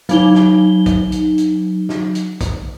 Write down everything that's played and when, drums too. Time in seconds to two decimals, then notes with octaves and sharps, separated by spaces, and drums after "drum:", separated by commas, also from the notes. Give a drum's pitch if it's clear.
0.09 F#3 D#4 G7, drum: hi-hat
0.35 drum: snare
0.86 drum: kick, hi-hat
1.12 drum: hi-hat
1.38 drum: hi-hat
1.89 drum: snare
2.15 drum: hi-hat
2.41 drum: kick, hi-hat